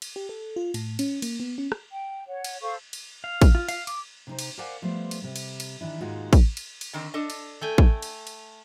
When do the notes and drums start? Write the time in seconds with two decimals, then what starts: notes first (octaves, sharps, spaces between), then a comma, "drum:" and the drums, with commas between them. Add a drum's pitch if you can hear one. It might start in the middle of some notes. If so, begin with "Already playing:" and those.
0.02 drum: cymbal
0.16 G4
0.29 A4
0.56 F4
0.74 A2, drum: cymbal
0.99 C#4, drum: cymbal
1.22 A#3, drum: cymbal
1.40 B3
1.58 C#4
1.72 drum: rim click
1.91 G5
2.27 C#5 F#5
2.44 drum: cymbal
2.61 A4 C5 F5 C#6
2.93 drum: cymbal
3.24 F5
3.42 drum: kick, cymbal
3.55 F4
3.68 F5, drum: cymbal
3.87 D6, drum: cymbal
4.27 C3 D#4 C5
4.39 drum: cymbal
4.58 A#4 C5 D5 F5 F#5 G#5
4.82 F3 G3 A3 B3 C5
5.11 drum: cymbal
5.22 C3 G3
5.36 drum: cymbal
5.60 drum: cymbal
5.81 D#3 E3 D4 E4
6.00 D#2 G#2 G#3 D#4 F4 F#4
6.33 drum: kick, cymbal
6.57 drum: cymbal
6.81 drum: cymbal
6.93 D3 D#3 C4
7.14 D4 A4 D#5
7.30 drum: cymbal
7.61 A3 G5 G#5
7.78 drum: kick
8.02 drum: cymbal
8.27 drum: cymbal